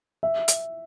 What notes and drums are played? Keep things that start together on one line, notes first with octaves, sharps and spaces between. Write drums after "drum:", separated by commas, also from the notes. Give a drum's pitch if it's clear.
E5
drum: hi-hat